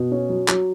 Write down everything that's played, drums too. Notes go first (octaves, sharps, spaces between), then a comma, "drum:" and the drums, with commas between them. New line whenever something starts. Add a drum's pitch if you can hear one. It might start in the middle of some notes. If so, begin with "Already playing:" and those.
Already playing: B2
C#4
F#3
F#3, drum: clap